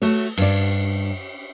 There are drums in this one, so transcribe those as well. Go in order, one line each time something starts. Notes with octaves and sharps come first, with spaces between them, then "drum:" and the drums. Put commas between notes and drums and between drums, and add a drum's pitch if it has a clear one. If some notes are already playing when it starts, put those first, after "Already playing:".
A3 F#4 C#5, drum: open hi-hat
G2 D5, drum: cymbal